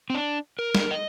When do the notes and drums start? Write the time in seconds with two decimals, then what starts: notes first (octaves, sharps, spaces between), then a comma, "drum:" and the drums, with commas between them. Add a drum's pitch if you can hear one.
0.10 C4
0.15 D4
0.59 A#4
0.75 drum: snare
0.91 D#5